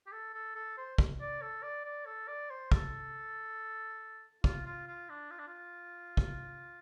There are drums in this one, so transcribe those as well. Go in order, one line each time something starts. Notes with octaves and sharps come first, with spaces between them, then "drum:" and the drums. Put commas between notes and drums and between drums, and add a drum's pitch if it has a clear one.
G4
A4
A4
A4
C5
drum: kick
D5
A4
D5
D5
A4
D5
C5
A4, drum: kick
F4, drum: kick
F4
F4
D4
F4
D4
F4
drum: kick